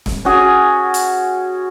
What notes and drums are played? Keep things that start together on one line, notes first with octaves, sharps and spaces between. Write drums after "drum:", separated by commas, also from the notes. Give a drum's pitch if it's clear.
drum: snare
C#4 F#4 G#4 G#5
drum: hi-hat